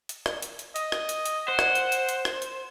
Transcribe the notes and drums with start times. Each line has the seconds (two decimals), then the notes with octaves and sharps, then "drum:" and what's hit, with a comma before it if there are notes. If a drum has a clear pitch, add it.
0.09 drum: hi-hat
0.26 drum: rim click
0.42 drum: hi-hat
0.59 drum: hi-hat
0.76 D#5, drum: hi-hat
0.92 drum: rim click
1.09 drum: hi-hat
1.26 drum: hi-hat
1.48 C5 F#5
1.59 drum: rim click
1.75 drum: hi-hat
1.92 drum: hi-hat
2.09 drum: hi-hat
2.25 drum: rim click
2.42 drum: hi-hat